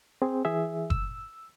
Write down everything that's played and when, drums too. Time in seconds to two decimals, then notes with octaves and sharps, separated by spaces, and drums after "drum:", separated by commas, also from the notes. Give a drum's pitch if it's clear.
0.22 C4 G#4
0.45 E3 G#4 E5
0.90 E6, drum: kick F#1